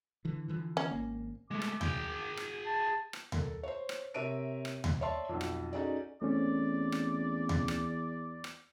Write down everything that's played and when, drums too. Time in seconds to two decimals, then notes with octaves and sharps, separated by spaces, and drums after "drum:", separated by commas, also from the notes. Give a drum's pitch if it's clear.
0.25 D3 E3
0.48 D3 E3 F3
0.77 C#4
0.91 G#1 A#3
1.51 G#3 A3 D6
1.62 drum: rim click
1.81 G#4 G5, drum: tom D#2
2.37 drum: rim click
2.66 A5
3.13 drum: rim click
3.32 A4 A#4, drum: tom D#2
3.63 C5 C#5
3.89 drum: rim click
4.14 C3 A#4 C#5 E5 D7 D#7
4.65 drum: rim click
4.84 drum: tom D#2
5.01 C#5 D5 E5 A5 C6
5.29 B1 F2
5.41 drum: rim click
5.73 C#4 D#4 F#4 G#4 A4 D5
6.22 E2 A3 C4 C#4 D5
6.92 drum: rim click
7.49 drum: tom D#2
7.68 drum: rim click
8.44 drum: rim click